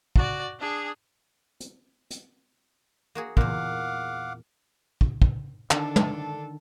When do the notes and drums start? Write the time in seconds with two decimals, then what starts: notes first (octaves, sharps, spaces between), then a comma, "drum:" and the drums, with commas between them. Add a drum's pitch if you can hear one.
0.16 F#4 D5, drum: kick
0.59 D4 G#4
1.60 drum: hi-hat
2.10 drum: hi-hat
3.15 A#3 F#4 G#4
3.37 E2 A#2 F5 F#5 D6, drum: kick
5.01 drum: kick
5.22 drum: kick
5.71 D3 D#3 D4 A4, drum: clap
5.96 drum: tom